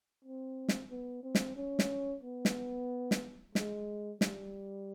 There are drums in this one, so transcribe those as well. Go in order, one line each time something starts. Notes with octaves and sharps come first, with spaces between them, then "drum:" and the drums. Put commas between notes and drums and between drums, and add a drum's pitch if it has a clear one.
C4
drum: snare
B3
C4
drum: snare
C#4
drum: snare
B3
drum: snare
drum: snare
G#3, drum: snare
G3, drum: snare